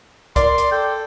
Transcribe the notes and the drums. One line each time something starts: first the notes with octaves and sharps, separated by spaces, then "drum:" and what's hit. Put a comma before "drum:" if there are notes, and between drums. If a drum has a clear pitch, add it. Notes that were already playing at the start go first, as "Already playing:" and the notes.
A#4 D5 C6, drum: kick C2, hi-hat
drum: hi-hat
A4 G5